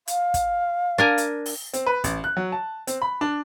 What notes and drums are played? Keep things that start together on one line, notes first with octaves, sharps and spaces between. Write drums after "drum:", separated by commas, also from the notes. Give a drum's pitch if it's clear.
F5, drum: hi-hat
drum: kick, hi-hat
D4 A#4 G#5
drum: hi-hat
drum: open hi-hat
C4, drum: hi-hat
B4
A1, drum: kick, hi-hat
F#6
F#3
A5
C4, drum: hi-hat
B5
D4